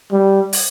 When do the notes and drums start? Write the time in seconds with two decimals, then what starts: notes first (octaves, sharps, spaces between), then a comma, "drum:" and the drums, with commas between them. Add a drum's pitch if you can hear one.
0.12 G3
0.53 drum: open hi-hat